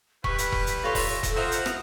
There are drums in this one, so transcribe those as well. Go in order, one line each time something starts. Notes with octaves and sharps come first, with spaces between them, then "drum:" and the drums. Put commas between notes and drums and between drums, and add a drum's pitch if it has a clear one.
G3 E4 B4 C#6 B6, drum: kick E1
drum: hi-hat
drum: kick E1
drum: hi-hat
F4 A4 C#5 C6 A#6
drum: kick E1, open hi-hat
drum: kick E1, hi-hat
F3 C5 E5 F#5 A#5 D#6
drum: hi-hat
drum: rim click